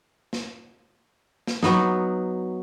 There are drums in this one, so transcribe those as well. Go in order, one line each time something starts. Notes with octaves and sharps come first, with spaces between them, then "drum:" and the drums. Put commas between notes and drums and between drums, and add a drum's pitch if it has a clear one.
drum: snare
drum: snare
F#3 B3 D#4, drum: snare